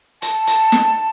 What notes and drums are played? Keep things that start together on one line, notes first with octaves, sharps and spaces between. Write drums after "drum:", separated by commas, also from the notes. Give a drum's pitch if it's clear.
A5, drum: hi-hat
drum: hi-hat
drum: snare